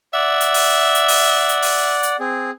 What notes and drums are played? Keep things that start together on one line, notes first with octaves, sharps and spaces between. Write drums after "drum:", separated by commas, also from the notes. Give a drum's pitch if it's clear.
D5 E5 F#5
drum: hi-hat
drum: open hi-hat
drum: hi-hat
drum: open hi-hat
drum: hi-hat
drum: open hi-hat
drum: hi-hat
C4 G#4